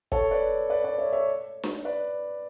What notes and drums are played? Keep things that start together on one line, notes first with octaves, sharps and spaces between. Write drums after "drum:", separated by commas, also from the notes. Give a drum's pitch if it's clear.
A4 C#5, drum: kick
B4 D5
B4 D5
B4 D5
C#5 E5
C#5 E5
drum: snare D4
B4 D5